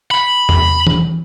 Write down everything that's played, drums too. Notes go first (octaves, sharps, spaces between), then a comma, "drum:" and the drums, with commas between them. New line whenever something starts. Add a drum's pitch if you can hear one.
B5
drum: tom E2
drum: tom E3